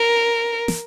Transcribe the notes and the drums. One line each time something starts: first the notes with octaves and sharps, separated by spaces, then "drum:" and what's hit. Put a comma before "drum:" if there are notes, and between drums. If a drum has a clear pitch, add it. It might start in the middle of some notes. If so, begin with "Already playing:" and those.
Already playing: A#4
drum: snare